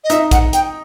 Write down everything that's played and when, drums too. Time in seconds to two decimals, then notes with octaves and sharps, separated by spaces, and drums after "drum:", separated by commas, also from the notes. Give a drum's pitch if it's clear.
0.04 D#5
0.10 D#4 E5, drum: hi-hat
0.31 F#5, drum: kick, hi-hat
0.53 G5, drum: hi-hat